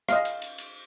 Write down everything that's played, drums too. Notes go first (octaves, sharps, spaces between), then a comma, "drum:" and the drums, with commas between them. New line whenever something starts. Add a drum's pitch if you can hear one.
D#5 F5, drum: rim click
drum: cymbal
drum: cymbal
drum: cymbal